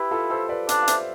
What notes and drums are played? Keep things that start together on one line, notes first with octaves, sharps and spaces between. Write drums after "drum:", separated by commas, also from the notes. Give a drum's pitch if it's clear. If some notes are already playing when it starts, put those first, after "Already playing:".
Already playing: E4 G4 B4
F4 A4
A4 C5
B4 D5
D4 B4 D5, drum: hi-hat
F5
C5 E5, drum: hi-hat